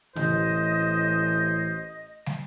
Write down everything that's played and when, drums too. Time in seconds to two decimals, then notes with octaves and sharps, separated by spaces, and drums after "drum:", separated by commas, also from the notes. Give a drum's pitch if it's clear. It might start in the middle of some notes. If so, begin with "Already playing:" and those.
0.16 A1 C5 D#5, drum: tom C3
2.26 drum: snare